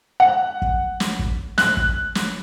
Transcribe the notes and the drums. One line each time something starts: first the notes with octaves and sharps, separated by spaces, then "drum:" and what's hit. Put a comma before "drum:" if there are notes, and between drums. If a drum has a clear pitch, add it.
F#5
drum: kick
drum: snare
drum: kick
F#6, drum: snare
drum: kick
drum: snare